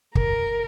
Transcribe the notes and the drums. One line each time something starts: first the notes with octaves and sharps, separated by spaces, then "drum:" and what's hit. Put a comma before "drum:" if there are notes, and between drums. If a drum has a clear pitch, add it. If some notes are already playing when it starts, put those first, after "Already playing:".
A#4, drum: kick